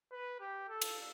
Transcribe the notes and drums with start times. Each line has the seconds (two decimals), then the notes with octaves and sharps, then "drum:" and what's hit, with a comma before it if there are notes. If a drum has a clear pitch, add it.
0.12 B4
0.40 G4
0.69 A4
0.82 drum: cymbal